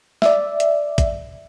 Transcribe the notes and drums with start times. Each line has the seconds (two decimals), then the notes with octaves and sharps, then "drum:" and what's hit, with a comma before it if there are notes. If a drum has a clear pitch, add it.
0.22 D5 E5, drum: snare
0.60 drum: hi-hat
0.98 drum: kick, hi-hat